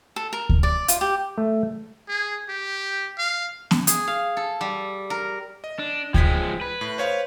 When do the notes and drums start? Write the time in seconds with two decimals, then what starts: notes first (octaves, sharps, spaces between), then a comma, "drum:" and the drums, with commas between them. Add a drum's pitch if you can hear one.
0.16 A4
0.33 A#4
0.49 drum: kick D2
0.63 D5
0.88 F4, drum: hi-hat
1.01 G4
1.38 A3
2.09 G#4
2.49 G4
3.18 F5
3.71 drum: snare B3
3.87 G#4, drum: hi-hat
4.08 F5
4.37 A4
4.61 G3
5.10 A#4
5.64 D#5
5.79 D4
6.14 F3 G#3 G5 G#6 B6, drum: kick D2
6.61 B4
6.81 A2
6.98 C5 C#5 F5